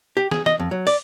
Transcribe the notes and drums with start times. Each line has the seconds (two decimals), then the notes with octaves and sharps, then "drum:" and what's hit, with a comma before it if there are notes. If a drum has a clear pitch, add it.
0.17 G4
0.31 G#4, drum: snare
0.46 D#5, drum: snare
0.60 F2
0.71 F#3
0.87 D5, drum: open hi-hat